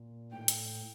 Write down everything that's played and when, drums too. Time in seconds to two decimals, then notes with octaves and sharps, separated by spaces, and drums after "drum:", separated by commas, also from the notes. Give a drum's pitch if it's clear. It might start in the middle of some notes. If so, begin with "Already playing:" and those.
Already playing: A#2
0.32 A2 G5
0.48 drum: hi-hat